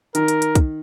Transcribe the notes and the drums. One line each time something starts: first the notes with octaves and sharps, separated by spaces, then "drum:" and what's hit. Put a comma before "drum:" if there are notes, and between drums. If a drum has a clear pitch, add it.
D#3 A#4, drum: hi-hat
drum: hi-hat
drum: hi-hat
drum: kick, hi-hat